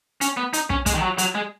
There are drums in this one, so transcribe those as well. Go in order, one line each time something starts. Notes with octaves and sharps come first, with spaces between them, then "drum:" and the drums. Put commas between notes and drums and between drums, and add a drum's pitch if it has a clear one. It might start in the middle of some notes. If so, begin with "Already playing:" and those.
C#4, drum: hi-hat
B3
D#4, drum: hi-hat
C#4, drum: kick
G#3, drum: kick, hi-hat
D#3
F#3
F#3, drum: hi-hat
G#3